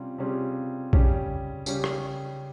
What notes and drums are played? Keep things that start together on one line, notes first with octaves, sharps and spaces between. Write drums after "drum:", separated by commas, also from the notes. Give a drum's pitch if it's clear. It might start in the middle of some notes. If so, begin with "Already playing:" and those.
Already playing: C3 G3 C#4 F4
C3 G3 C#4 F4 G#4
C#3 G3 C#4 G4, drum: kick A#1
C#3 G3 C#4 G4, drum: tambourine
drum: rim click